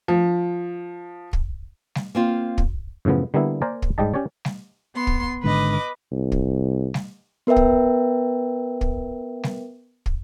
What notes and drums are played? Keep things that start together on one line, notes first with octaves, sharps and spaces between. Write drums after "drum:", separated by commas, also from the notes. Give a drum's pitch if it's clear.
F3
drum: kick
drum: snare G3
A#3 C4 F4
drum: kick
F#2 A2 C#3 F3 B3
D3 G3 A#3 B3 E4
A#3 A#4 C5 D5 G#5 A#5
drum: kick
G#2 G3 G4 D#5 A5
C#4 G4 C#5 D5
drum: snare G3
B3 C6
drum: kick
G#1 G#2 D3 B4 D#5 D6
C2
drum: kick
drum: snare G3
B3 A#4 B4 E5 G5
drum: kick
drum: kick
drum: snare G3
drum: kick